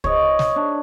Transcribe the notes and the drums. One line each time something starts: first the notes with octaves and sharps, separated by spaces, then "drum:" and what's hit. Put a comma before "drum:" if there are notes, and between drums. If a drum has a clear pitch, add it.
C#5 D#5, drum: kick
drum: snare
D4